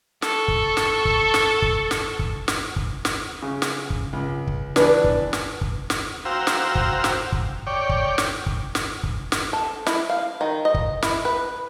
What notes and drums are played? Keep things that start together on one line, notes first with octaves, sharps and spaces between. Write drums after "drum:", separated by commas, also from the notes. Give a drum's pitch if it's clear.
A4 C#6, drum: snare
drum: kick
drum: snare
drum: kick
drum: snare
drum: kick
drum: snare
drum: kick
drum: snare
drum: kick
drum: snare
C#3
drum: snare
drum: kick
C#2
drum: kick
E3 B3 D4 B4, drum: snare
drum: kick
drum: snare
drum: kick
drum: snare
F#4 C5 F5 G5 A#5 E6
drum: snare
drum: kick
drum: snare
drum: kick
C#5 D5 G5
drum: kick
drum: snare
drum: kick
drum: snare
drum: kick
drum: snare
A4
E4, drum: snare
F5
D#3
D#5
drum: kick
E4, drum: snare
B4